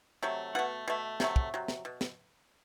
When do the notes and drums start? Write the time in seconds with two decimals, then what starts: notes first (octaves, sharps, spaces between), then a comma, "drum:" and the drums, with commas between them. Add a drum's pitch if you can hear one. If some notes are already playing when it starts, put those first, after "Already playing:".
0.23 C3 F#3 A3
0.55 B2 A3 F#5
0.88 B2 A3
1.20 C3 F#3 A3, drum: snare
1.36 drum: kick
1.54 C3 F#3
1.68 drum: snare
1.85 B2
2.01 drum: snare